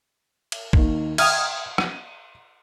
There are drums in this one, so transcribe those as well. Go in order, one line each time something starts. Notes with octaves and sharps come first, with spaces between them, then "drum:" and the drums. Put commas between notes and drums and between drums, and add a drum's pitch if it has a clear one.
drum: cymbal
D#2 D#3, drum: kick
E5 G5 D#6 F6 G#6, drum: cymbal
D#7, drum: rim click